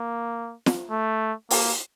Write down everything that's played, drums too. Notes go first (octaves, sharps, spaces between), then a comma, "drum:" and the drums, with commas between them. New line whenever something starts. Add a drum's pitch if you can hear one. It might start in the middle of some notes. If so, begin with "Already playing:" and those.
Already playing: A#3
drum: snare
A3
A#3, drum: open hi-hat